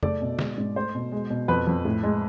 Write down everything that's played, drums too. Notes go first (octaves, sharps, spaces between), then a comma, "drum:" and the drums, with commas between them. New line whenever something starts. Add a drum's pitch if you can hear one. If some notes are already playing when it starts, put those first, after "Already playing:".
A3 D5, drum: tom F2
B2
G#3, drum: snare
G#2
A3 C5
B2
G#3
B2
F2 B4
F2
A2
G#3